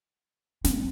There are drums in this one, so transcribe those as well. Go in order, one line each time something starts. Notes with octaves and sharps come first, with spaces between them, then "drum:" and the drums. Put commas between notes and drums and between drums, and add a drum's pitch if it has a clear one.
C4, drum: snare